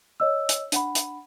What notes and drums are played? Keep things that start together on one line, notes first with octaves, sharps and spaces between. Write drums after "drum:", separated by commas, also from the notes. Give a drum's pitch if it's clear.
C#5 D#5 E6
drum: hi-hat
D4 F#5 B5, drum: hi-hat
drum: hi-hat